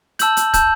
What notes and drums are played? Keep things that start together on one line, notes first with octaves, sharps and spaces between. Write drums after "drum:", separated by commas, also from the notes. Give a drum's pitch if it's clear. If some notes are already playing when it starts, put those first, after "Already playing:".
A5 E6 G6 F#7, drum: hi-hat
drum: hi-hat
A5 E6 G6, drum: kick, hi-hat